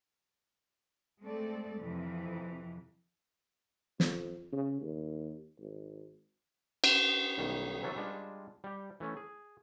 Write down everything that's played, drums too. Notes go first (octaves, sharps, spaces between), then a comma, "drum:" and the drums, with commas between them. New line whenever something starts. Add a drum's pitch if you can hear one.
G#3 A3 C4 A4 D5
F2 C3 E3
F2, drum: snare
C#3
D#2
G#1
drum: cymbal
B1 D#3 G3
C3 E3 F#3 C#4 A4 E5
G3 G#3 D4 F4
G3 G4
E3 A3 C#4
G#4